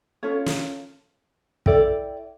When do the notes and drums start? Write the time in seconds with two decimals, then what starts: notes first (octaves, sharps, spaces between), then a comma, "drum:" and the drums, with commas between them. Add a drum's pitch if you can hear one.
0.23 C#4 F4 A4 C#5
0.46 drum: snare
1.66 E4 A4 D5 G5, drum: kick